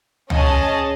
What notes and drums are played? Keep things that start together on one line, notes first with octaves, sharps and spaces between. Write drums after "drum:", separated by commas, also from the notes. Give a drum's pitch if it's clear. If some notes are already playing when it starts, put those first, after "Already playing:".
C#4 G#4 D#5 A5, drum: tom